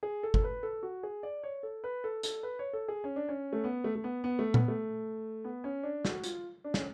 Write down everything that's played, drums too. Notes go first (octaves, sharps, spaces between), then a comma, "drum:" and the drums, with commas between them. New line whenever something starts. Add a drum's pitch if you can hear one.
G#4
A4
A4, drum: kick G1
B4
A4
F#4
G#4
D5
C#5
A4
B4
A4
A4, drum: hi-hat
B4
C#5
A4
G#4
C#4
D4
C#4
A3
B3
A3
A3
B3
B3
A3
B3, drum: tom A#2
A3
B3
C#4
D4
F#4, drum: snare
F4, drum: hi-hat
D4
C#4, drum: snare